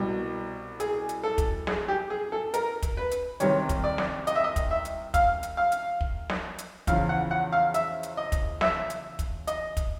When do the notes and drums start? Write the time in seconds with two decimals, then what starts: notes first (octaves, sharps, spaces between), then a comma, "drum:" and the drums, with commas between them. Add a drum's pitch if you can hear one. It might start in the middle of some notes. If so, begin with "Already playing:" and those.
Already playing: C2 B2
0.80 G#4, drum: hi-hat
1.09 drum: hi-hat
1.23 A4
1.38 drum: kick, hi-hat
1.67 G#4, drum: snare
1.88 G4
2.10 G#4
2.32 A4
2.54 A#4, drum: hi-hat
2.82 drum: kick, hi-hat
2.97 B4
3.11 drum: hi-hat
3.40 C2 C3 D#3 C#5, drum: hi-hat
3.69 drum: kick, hi-hat
3.84 D5
3.98 drum: snare
4.27 D#5, drum: hi-hat
4.35 E5
4.44 D#5
4.56 drum: kick, hi-hat
4.71 E5
4.85 drum: hi-hat
5.14 F5, drum: kick, hi-hat
5.43 drum: hi-hat
5.57 F5
5.72 drum: hi-hat
6.01 drum: kick
6.30 drum: snare
6.58 drum: hi-hat
6.87 E2 C#3 F3 F5, drum: kick, hi-hat
7.09 F#5
7.31 F#5
7.53 F5
7.74 E5, drum: hi-hat
8.03 drum: hi-hat
8.17 D#5
8.32 drum: kick, hi-hat
8.61 E5, drum: snare
8.90 drum: hi-hat
9.19 drum: kick, hi-hat
9.47 D#5, drum: hi-hat
9.77 drum: kick, hi-hat